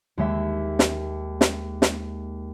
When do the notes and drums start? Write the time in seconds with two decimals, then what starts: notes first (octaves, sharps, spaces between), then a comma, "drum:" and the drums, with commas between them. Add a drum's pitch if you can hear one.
0.18 D#2 G#3 E5
0.79 drum: snare
1.41 drum: snare
1.82 drum: snare